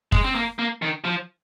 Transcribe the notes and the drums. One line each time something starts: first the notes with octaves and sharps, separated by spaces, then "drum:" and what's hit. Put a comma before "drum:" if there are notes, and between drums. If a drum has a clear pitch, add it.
G#3, drum: kick
C4
A#3
A#3
D#3
F3